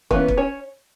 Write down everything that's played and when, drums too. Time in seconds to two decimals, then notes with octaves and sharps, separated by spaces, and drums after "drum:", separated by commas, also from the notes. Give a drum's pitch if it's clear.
0.11 E3 A#3 B3 C#4 B4, drum: kick
0.28 drum: kick
0.37 C#4 C#5